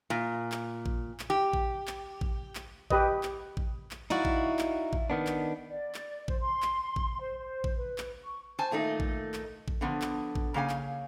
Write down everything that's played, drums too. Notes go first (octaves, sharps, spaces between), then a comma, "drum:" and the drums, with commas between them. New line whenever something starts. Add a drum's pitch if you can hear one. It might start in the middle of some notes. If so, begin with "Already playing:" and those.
A#2
drum: clap
drum: kick A1
drum: clap
G4
drum: kick A1
drum: clap
drum: kick A1
drum: clap
G4 B4 D#5, drum: kick A1
drum: clap
drum: kick A1
drum: clap
D#4 E4 F#4 D5 F5
drum: kick A1
drum: clap
drum: kick A1
D#3 B3 D4
drum: clap
D5
drum: clap
C5, drum: kick A1
C6
drum: clap
drum: kick A1
C5
C5
drum: kick A1
B4
drum: clap
C#6
C5 G#5 A5
A#2 D#3 A3 D#4
drum: kick A1
drum: clap
drum: kick A1
D3 F3 B3
drum: clap
drum: kick A1
C#3 A#3 F5 G#5
drum: clap